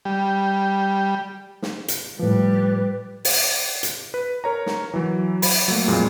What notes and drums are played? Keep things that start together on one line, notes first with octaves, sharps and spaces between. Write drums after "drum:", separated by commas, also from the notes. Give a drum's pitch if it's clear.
G3
drum: snare
drum: hi-hat
A2 F3 G3 B4
drum: open hi-hat
drum: hi-hat
B4
A#4 C#5 A#5
drum: snare
E3 F#3
B5, drum: open hi-hat
F#3 A3 A#3
F2 A#2 G#3